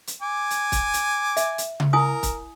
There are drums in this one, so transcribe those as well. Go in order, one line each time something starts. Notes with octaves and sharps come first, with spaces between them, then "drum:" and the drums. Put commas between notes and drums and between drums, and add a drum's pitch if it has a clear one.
drum: hi-hat
G#5 D6
drum: hi-hat
drum: kick, hi-hat
drum: hi-hat
E5, drum: hi-hat
drum: hi-hat
drum: tom C#3
E4 A#4 G#5 D#6
drum: kick, hi-hat